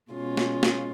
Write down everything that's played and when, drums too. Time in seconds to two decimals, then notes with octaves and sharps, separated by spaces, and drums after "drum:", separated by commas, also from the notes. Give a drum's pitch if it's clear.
0.11 B2 G#3 C#4 F4
0.37 drum: snare
0.63 drum: snare